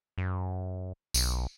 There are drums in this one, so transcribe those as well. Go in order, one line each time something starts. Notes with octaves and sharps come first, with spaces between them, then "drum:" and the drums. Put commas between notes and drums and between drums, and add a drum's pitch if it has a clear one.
F#2
B1, drum: tambourine